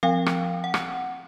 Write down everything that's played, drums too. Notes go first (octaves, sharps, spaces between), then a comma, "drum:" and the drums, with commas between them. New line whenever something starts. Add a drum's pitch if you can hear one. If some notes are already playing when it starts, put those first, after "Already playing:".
F3 C4 F5 G5
drum: rim click
F#5
drum: rim click